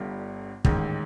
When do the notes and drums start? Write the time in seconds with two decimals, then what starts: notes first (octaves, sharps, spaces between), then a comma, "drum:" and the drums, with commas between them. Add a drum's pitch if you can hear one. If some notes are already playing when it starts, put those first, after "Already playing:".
Already playing: G1 G2 D3
0.65 A1 G#2 D#3, drum: kick